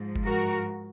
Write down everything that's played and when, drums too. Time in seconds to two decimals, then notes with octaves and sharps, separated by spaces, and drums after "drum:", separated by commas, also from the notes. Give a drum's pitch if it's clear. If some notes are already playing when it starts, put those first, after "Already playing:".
Already playing: G#2 F3
0.16 drum: kick F#1
0.26 F#4 A#4